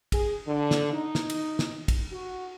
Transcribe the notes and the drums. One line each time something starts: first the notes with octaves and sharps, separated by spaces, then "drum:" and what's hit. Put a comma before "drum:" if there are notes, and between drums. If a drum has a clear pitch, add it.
G#4, drum: kick, cymbal
D3
drum: snare
D#4
drum: snare
drum: cymbal
drum: snare
drum: kick, cymbal
F#4